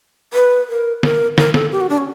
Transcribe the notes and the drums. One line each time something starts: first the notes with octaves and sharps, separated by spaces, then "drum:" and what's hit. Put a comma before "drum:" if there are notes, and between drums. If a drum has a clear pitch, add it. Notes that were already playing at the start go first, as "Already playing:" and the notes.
B4
A#4
A#4, drum: snare
A#4, drum: snare
A4, drum: snare
G4
F#4
D4
C#4